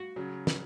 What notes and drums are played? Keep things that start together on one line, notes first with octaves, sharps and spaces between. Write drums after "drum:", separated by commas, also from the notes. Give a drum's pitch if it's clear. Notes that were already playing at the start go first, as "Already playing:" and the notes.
Already playing: F#4
C#3 F#3
drum: snare